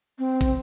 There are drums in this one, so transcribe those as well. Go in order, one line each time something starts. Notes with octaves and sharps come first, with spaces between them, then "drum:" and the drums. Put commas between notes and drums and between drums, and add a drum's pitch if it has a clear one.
C4
drum: kick, hi-hat